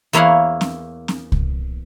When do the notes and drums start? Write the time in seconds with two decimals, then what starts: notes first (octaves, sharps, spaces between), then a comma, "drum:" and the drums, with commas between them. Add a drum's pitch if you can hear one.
0.13 E2 A#3 E4 C#5 F5 F#5
0.61 drum: snare C4
1.08 drum: snare C4
1.32 drum: kick C2